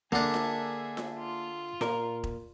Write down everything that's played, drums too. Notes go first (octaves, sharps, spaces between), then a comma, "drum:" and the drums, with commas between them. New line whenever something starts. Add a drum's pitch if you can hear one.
D3 A#3 D4 G#4 E5
drum: snare F4
drum: snare F4
F4
A#2 A#4, drum: snare F4
drum: kick E1